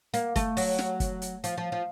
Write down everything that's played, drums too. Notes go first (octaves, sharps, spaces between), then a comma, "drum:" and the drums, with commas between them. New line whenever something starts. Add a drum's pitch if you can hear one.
A#3, drum: hi-hat
A3, drum: kick, hi-hat
F#3, drum: open hi-hat
drum: snare
drum: kick, hi-hat
drum: hi-hat
F3, drum: hi-hat
F3
F3